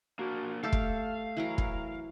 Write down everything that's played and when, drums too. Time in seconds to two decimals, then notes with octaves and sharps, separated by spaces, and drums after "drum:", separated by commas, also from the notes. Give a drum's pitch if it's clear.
0.19 A#3 D4 F#4
0.63 A3 G4 A4 F5 E6
0.73 drum: kick
1.37 E3 F#3 A#4
1.58 drum: kick